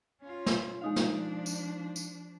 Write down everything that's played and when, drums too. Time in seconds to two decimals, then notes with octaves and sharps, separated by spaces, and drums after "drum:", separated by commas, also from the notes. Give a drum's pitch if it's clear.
0.22 C#4 F4
0.46 drum: snare
0.82 F3 G#3 D4 D#4 F5
0.96 drum: snare
1.46 drum: tambourine
1.96 drum: tambourine